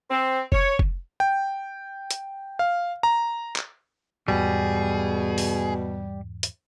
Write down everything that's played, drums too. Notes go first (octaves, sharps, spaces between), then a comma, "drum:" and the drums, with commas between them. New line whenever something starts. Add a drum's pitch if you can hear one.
C4
C#5, drum: kick F1
drum: kick F1
G5
drum: hi-hat
F5
A#5
drum: clap
E2 G#2 B2 G3 G#4
drum: open hi-hat
drum: hi-hat